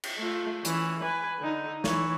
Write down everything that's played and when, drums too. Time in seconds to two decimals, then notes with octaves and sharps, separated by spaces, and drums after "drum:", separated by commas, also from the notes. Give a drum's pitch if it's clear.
0.03 drum: cymbal
0.18 A3 F4
0.65 E3 C#4, drum: hi-hat
1.03 B4 G#5
1.39 D3 D#4
1.84 E3 C#5, drum: snare